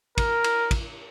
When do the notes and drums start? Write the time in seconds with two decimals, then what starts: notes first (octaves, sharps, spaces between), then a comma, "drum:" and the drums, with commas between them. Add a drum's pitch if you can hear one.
0.18 A#4, drum: kick, cymbal
0.44 drum: cymbal
0.71 drum: kick, cymbal